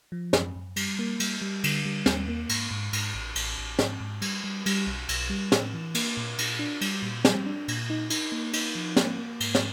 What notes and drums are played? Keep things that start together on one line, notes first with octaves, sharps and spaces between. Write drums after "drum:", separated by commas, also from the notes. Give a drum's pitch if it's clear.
F3
F#2, drum: snare
F#2
G3, drum: cymbal
A#3
G3, drum: cymbal
G3
D3, drum: cymbal
G3
D#2, drum: snare
A#3
G#2, drum: cymbal
G#2
G#2, drum: cymbal
A1
A1, drum: cymbal
A1
G#2, drum: snare
G#2
G3, drum: cymbal
G3
G3, drum: cymbal
B1
B1, drum: cymbal
G3
A2, drum: snare
E3
A#3, drum: cymbal
A#2
A#2, drum: cymbal
D4
G3, drum: cymbal
A#2
G3, drum: snare
D4
A#2, drum: cymbal
D#4
D#4, drum: cymbal
A#3
D#4, drum: cymbal
F3
A#3, drum: snare
A#3
G#2, drum: cymbal
drum: snare